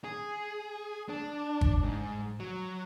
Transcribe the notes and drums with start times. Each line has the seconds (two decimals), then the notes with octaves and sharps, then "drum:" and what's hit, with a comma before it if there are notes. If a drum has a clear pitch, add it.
0.04 G#4
1.09 D4
1.61 drum: kick
1.83 G#2
2.40 F#3